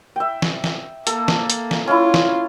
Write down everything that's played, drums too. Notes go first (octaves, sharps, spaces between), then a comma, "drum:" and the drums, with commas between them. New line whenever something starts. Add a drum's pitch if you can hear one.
E5 G5
drum: snare
drum: snare
A#3 A4, drum: hi-hat
drum: snare
drum: hi-hat
drum: snare
C#4 E4 F4
drum: snare